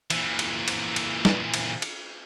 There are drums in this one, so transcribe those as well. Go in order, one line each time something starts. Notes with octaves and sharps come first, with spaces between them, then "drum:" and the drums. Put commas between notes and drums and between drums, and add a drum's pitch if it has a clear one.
A#2 E3, drum: cymbal
drum: cymbal
drum: cymbal
drum: cymbal
drum: snare
drum: cymbal
drum: cymbal